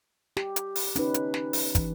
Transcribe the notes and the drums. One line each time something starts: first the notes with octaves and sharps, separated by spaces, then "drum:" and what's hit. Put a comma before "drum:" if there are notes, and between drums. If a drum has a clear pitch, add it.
G4, drum: snare
drum: hi-hat
drum: open hi-hat
C#4 D#4 B4, drum: hi-hat
drum: hi-hat
drum: snare
drum: open hi-hat
E3, drum: kick, hi-hat